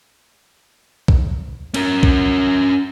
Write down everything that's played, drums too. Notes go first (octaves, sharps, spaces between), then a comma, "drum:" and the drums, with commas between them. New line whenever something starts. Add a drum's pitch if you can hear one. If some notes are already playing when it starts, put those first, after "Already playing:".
drum: kick
C#4 A#4, drum: cymbal
drum: kick